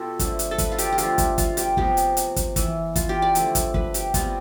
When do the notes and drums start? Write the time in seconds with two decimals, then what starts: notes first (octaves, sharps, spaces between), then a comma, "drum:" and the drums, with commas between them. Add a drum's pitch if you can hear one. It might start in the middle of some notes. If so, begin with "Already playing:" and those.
Already playing: B2 F4 G4 A4
0.19 D3 F3 A3, drum: kick, hi-hat
0.39 drum: hi-hat
0.51 A4
0.58 B4, drum: kick, hi-hat
0.72 F4
0.78 G4, drum: hi-hat
0.93 G4
0.98 D3 F3 A3 F4, drum: hi-hat
1.18 drum: kick, hi-hat
1.38 F4, drum: kick, hi-hat
1.57 G4, drum: hi-hat
1.77 C3 F3 B3 G4, drum: kick
1.97 drum: hi-hat
2.17 drum: hi-hat
2.36 drum: kick, hi-hat
2.56 E3 B3, drum: kick, hi-hat
2.96 F4, drum: kick, hi-hat
3.09 G4
3.22 D5
3.35 D3 F3 A3, drum: hi-hat
3.55 drum: kick, hi-hat
3.74 B4, drum: kick
3.94 G4, drum: hi-hat
4.14 C3 G3 B3 F4, drum: kick, hi-hat